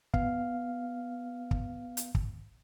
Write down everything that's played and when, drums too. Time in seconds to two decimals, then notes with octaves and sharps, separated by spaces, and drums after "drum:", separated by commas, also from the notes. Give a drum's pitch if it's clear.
0.14 B3 F5, drum: kick
1.51 drum: kick
1.97 drum: hi-hat
2.15 drum: kick